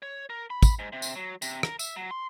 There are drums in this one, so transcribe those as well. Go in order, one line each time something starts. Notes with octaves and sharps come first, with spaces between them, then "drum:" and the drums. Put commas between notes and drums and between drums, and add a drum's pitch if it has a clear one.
C#5
A#4
B5
drum: kick, tambourine
G#2
C3
drum: tambourine
F#3
C3, drum: tambourine
A#4, drum: rim click
E5, drum: tambourine
F#3
C6